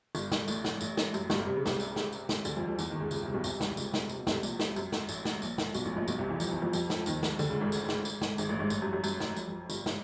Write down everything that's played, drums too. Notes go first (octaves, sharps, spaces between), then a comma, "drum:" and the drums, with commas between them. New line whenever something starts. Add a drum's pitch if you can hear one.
G1 G2, drum: tambourine
drum: snare
A1 A2, drum: tambourine
drum: snare
A1 A2, drum: tambourine
drum: snare
F#2, drum: tambourine
G1 G2, drum: snare
C3
C#3
C2 C3, drum: snare
drum: tambourine
drum: snare
drum: tambourine
drum: snare
D2 D3, drum: tambourine
F2 F3
F2 F3
E2 E3, drum: tambourine
D#2 D#3
C#2 C#3
C#2 C#3, drum: tambourine
C2 C3
B1 B2
C2 C3, drum: tambourine
C2 C3, drum: snare
C#2 C#3, drum: tambourine
drum: snare
C3, drum: tambourine
B2
C2 C3, drum: snare
A#1 A#2, drum: tambourine
drum: snare
F#2, drum: tambourine
drum: snare
A1 A2, drum: tambourine
drum: snare
A#1 A#2, drum: tambourine
drum: snare
B1 B2, drum: tambourine
A1 A2
A#1 A#2
B1 B2, drum: tambourine
C2 C3
E2 E3
F2 F3, drum: tambourine
E2 E3
F2 F3
F2 F3, drum: tambourine
drum: snare
D#2 D#3, drum: tambourine
drum: snare
D2 D3, drum: tambourine
C#2 C#3
G#1 G#2
drum: tambourine
drum: snare
drum: tambourine
drum: snare
G#1 G#2, drum: tambourine
A1 A2
G#1 G#2
A1 A2, drum: tambourine
F#2
F#2
F#2, drum: tambourine
drum: snare
F2, drum: tambourine
F2
G1 G2, drum: tambourine
drum: snare